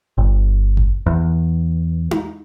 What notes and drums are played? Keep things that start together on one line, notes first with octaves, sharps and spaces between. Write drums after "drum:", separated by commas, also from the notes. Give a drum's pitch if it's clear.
G1
drum: kick F#1
E2
drum: tom D#4